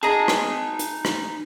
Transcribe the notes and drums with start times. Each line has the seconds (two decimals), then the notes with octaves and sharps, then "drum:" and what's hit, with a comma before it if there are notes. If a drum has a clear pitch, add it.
0.03 D#4 G#4 D#5 A5 A#5
0.28 drum: rim click
0.79 drum: hi-hat
1.05 drum: rim click